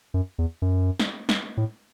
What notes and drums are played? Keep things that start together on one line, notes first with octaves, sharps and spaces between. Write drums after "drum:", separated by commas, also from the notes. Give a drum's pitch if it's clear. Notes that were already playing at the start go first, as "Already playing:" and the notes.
F#2
E2
F#2
drum: snare
drum: snare
A2